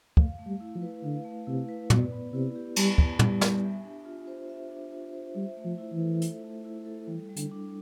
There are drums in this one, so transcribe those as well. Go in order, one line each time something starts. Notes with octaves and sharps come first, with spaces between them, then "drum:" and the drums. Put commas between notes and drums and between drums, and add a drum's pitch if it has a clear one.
A3 F5, drum: kick
A3
G3
E4
F3
B4
D3 F5
A3
C3 E4
B4
B2 D5, drum: tom
B3
C3 E4
G4
G3 D5, drum: cymbal
B3, drum: kick
G3 E4, drum: tom
G4, drum: snare
E5
D4
F4
C5
E5
D4
F4
C5
G3 E5
A3
F3
E4
E3
A4
E5, drum: hi-hat
A3
E4
A4
E3 G3
G3
D3, drum: hi-hat
D4